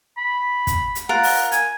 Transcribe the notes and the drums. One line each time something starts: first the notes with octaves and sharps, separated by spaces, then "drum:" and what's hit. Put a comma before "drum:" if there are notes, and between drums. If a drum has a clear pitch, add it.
B5
drum: kick, hi-hat
drum: hi-hat
F4 A#4 F#5
drum: open hi-hat
G#5, drum: hi-hat